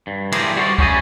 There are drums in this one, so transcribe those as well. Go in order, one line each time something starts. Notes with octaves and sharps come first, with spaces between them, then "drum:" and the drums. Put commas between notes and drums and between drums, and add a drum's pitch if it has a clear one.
G2
E3 A3 G4 G#4 A#4 C5, drum: cymbal
G3 F#4 G#4 C5 D5
G3 C#4 F#4 C5 D#5 G#5, drum: kick